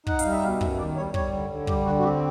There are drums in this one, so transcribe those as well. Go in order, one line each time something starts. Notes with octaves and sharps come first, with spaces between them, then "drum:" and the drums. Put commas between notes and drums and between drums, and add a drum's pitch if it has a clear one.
D#4 F#5, drum: kick
F5, drum: hi-hat
G3
E5
B2 F5
F#2 E5, drum: kick
D#3 D5
G3 C#5
G3 C#5, drum: kick
D3
D3
G3 G4, drum: kick
D3 F#4
F#4
C4 G4